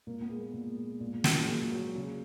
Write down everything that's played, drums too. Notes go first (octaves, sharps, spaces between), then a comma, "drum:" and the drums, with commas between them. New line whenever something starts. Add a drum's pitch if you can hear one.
A#2 A#3
B3
G#3
A#3
A#2
G#3
A#2
F#3, drum: snare
G#3
A#2 A#3
F#3
C#3